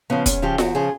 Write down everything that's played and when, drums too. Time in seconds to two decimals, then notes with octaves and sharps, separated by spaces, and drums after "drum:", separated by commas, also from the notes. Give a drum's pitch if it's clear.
0.10 C#3 F3 B3
0.26 E2 C#4, drum: kick, hi-hat
0.42 C#3 F3 G4
0.58 E2 F#4, drum: snare F4
0.75 C#3 F3 G#4